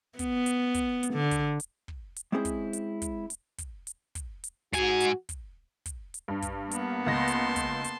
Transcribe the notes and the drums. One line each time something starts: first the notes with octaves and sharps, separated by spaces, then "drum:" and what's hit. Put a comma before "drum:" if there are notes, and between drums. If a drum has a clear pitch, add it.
B3, drum: kick, hi-hat
drum: hi-hat
drum: kick, hi-hat
drum: hi-hat
D3
drum: kick, hi-hat
drum: hi-hat
drum: kick
drum: hi-hat
G#3 C4 C#4 E4 G#4 C5
drum: kick, hi-hat
drum: hi-hat
drum: kick, hi-hat
drum: hi-hat
drum: kick, hi-hat
drum: hi-hat
drum: kick, hi-hat
drum: hi-hat
G#2 F#4 G#5, drum: kick, hi-hat
drum: hi-hat
drum: kick, hi-hat
drum: kick, hi-hat
drum: hi-hat
G2
drum: kick, hi-hat
A#3 B3, drum: hi-hat
C#2 A5 C6 A#6
drum: hi-hat
drum: kick, hi-hat
drum: hi-hat